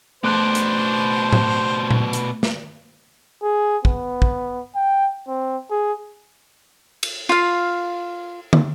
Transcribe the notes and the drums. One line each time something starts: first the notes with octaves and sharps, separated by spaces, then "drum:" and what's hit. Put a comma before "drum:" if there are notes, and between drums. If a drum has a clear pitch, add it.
B2 A3 D4 C5 F#6
drum: hi-hat
drum: tom A2
drum: tom A#2
drum: hi-hat
drum: snare
G#4
B3, drum: kick
drum: kick
G5
C4
G#4
drum: cymbal
F4 F5
drum: tom